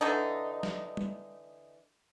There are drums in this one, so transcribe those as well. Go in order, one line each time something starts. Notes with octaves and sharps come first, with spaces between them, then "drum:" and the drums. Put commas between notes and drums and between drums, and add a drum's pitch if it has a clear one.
D3 E3 D#4
drum: snare
drum: tom G3